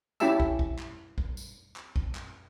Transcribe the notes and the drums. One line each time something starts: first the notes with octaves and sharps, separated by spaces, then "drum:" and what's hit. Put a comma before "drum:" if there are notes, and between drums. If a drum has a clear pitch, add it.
C#4 E4 G4 E5 A5 E6, drum: tambourine
drum: kick
drum: kick
drum: clap
drum: kick
drum: tambourine
drum: clap
drum: kick
drum: clap